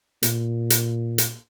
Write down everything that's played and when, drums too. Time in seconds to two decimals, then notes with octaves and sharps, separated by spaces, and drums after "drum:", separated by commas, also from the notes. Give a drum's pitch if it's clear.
0.23 A#2, drum: hi-hat
0.70 drum: hi-hat
1.18 drum: hi-hat